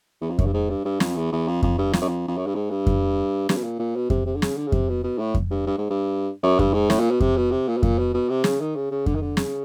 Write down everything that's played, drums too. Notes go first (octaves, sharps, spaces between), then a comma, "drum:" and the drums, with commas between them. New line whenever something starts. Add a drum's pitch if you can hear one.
E2
F2
F#2, drum: kick F2
G2
G#2
G2
G2
F2, drum: snare
E2
E2
F2
F2, drum: kick F2
G2
F2, drum: snare
F#2
F2
F2
F#2
G2
G#2
G2
drum: kick F2
G2, drum: snare
B2
A#2
A#2
B2
C3, drum: kick F2
C3
D3
C#3, drum: snare
D3
C#3
C3, drum: kick F2
B2
B2
A2
drum: kick F2
G2
G2
G#2
G2
F#2
G2, drum: kick F2
G#2
A2, drum: snare
A#2
B2
C3, drum: kick F2
B2
C3
A#2
B2
A#2, drum: kick F2
B2
B2
C3
C#3, drum: snare
D#3
C#3
C#3
D3, drum: kick F2
D#3
D3
C#3, drum: snare